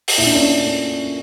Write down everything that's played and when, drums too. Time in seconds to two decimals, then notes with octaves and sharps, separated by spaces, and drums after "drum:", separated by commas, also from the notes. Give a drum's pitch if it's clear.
0.08 drum: open hi-hat
0.18 A#2 E4
0.26 D4
0.35 C#4
0.43 D4
0.64 A3